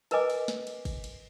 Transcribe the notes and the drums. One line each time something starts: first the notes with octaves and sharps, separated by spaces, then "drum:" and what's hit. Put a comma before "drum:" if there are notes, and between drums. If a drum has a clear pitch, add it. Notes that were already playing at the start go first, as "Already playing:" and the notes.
E4 A#4 B4 D#5 G#5 D6, drum: cymbal
drum: cymbal
drum: snare
drum: cymbal
drum: kick, cymbal
drum: cymbal